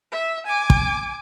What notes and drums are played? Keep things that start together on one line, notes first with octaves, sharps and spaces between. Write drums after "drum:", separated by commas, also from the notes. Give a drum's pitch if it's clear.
E5
G#5 D6
drum: kick